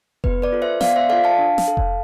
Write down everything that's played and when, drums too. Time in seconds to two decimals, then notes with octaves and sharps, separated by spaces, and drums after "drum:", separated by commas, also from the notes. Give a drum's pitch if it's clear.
0.24 B3 B4, drum: kick F1
0.42 B4 D5
0.52 F4 A4
0.62 C5 E5
0.81 B3 D5 F5, drum: snare
0.96 C5 E5
1.09 F4 A4 D5 F5
1.24 F5 A5
1.38 D4
1.58 drum: snare
1.68 A4
1.77 drum: kick F1